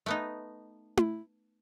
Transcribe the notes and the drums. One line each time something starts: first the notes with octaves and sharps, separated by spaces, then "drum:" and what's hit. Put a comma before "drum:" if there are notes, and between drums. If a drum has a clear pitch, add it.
A3 B3 D#4
drum: tom E4